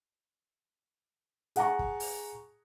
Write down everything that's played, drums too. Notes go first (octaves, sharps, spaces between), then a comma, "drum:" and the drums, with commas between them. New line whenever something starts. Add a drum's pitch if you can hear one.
G#4 F#5 A5 A#5 C#6, drum: hi-hat
drum: kick
drum: open hi-hat